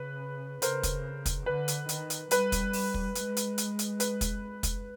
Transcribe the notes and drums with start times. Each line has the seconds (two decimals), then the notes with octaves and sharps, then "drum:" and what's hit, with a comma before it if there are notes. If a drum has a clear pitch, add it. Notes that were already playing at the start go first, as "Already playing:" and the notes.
Already playing: C#3 B4
0.62 C#3 A#4 C5, drum: hi-hat
0.83 drum: kick, hi-hat
1.26 drum: kick, hi-hat
1.46 D3 B4
1.68 drum: hi-hat
1.89 D#3, drum: hi-hat
2.10 drum: hi-hat
2.31 G3 B4, drum: hi-hat
2.52 drum: kick, hi-hat
2.73 drum: open hi-hat
2.94 drum: kick
3.15 G#3, drum: hi-hat
3.37 drum: hi-hat
3.58 drum: hi-hat
3.79 drum: hi-hat
4.00 B4, drum: hi-hat
4.21 drum: kick, hi-hat
4.63 drum: kick, hi-hat